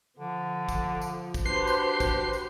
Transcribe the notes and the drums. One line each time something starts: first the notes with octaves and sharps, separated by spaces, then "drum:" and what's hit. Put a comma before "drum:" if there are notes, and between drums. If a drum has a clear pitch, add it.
D3 F3
drum: kick, tambourine
drum: tambourine
drum: kick, tambourine
D4 F#4 G4 B4 C5 C6 C7
drum: tambourine
drum: kick, tambourine
drum: tambourine